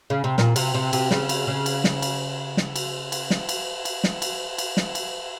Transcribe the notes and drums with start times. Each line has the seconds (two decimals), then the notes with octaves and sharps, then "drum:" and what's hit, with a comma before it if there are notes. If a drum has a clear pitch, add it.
0.10 C#3
0.24 C3
0.38 A#2, drum: snare
0.56 C3, drum: cymbal
0.74 C3
0.93 C3, drum: cymbal
1.11 C#3, drum: snare
1.29 drum: cymbal
1.47 C#3
1.66 drum: cymbal
1.84 drum: snare
2.02 drum: cymbal
2.57 drum: snare
2.76 drum: cymbal
3.12 drum: cymbal
3.30 drum: snare
3.49 drum: cymbal
3.85 drum: cymbal
4.04 drum: snare
4.22 drum: cymbal
4.58 drum: cymbal
4.77 drum: snare
4.95 drum: cymbal